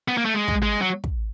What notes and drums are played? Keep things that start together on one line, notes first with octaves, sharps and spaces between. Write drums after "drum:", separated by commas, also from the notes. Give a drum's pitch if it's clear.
B3
A#3
A3
G#3
drum: kick
G#3
F#3
drum: kick